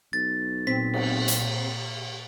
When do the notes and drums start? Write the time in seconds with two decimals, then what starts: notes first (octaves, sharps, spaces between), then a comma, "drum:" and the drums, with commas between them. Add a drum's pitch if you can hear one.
0.13 B1 A6
0.67 A#2 C4 B6
0.94 drum: cymbal
1.28 drum: hi-hat